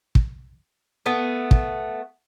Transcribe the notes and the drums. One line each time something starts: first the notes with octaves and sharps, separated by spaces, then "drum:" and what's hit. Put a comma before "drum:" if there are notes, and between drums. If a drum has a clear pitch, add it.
drum: kick
A3 B3
drum: kick